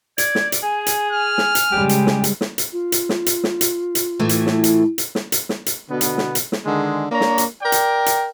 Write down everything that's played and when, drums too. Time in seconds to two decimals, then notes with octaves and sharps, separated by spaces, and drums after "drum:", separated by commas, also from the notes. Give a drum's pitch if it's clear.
0.18 D5 G#6, drum: hi-hat
0.35 drum: snare
0.52 drum: hi-hat
0.63 G#4 G#5
0.86 drum: hi-hat
1.12 G#5 F6
1.38 drum: snare
1.55 drum: hi-hat
1.72 C#3 G3 G#3 G4
1.89 drum: hi-hat
2.06 drum: snare
2.24 drum: hi-hat
2.41 drum: snare
2.58 drum: hi-hat
2.72 F4
2.92 drum: hi-hat
3.09 drum: snare
3.26 drum: hi-hat
3.44 drum: snare
3.61 drum: hi-hat
3.95 drum: hi-hat
4.19 A2 E3 A3
4.29 drum: hi-hat
4.46 drum: snare
4.64 drum: hi-hat
4.98 drum: hi-hat
5.15 drum: snare
5.32 drum: hi-hat
5.49 drum: snare
5.66 drum: hi-hat
5.90 B2 D3 B3
6.01 drum: hi-hat
6.18 drum: snare
6.35 drum: hi-hat
6.52 drum: snare
6.66 D3 D#3 G#3
7.11 A#3 D4 C#5 A#5
7.21 drum: snare
7.38 drum: hi-hat
7.62 A#4 D5 G5
7.72 drum: hi-hat
8.06 drum: hi-hat